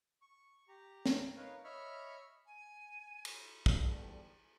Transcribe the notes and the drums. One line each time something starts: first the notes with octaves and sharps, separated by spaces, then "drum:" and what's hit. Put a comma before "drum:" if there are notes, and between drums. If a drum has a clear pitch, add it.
C#6
G4 A#5
drum: snare
D#4 A#4 B4 C#5 F5
C#5 D#5 E5 B5 C#6 F6
G#5
drum: cymbal
B1 E2 G#2 B2 D3 G3, drum: kick